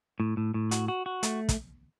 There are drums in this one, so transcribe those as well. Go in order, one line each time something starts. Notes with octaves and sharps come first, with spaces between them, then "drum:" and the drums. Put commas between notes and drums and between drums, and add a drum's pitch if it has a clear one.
A2
A2
A2
F#4, drum: hi-hat
F#4
F#4
A3, drum: hi-hat
drum: kick, hi-hat